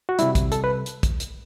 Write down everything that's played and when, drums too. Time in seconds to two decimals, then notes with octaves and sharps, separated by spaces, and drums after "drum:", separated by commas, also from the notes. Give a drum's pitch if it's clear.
0.09 F#4
0.19 C3 G3 E4, drum: hi-hat
0.35 drum: kick, hi-hat
0.52 A4, drum: hi-hat
0.64 B4
0.86 drum: hi-hat
1.03 drum: kick, hi-hat
1.20 drum: hi-hat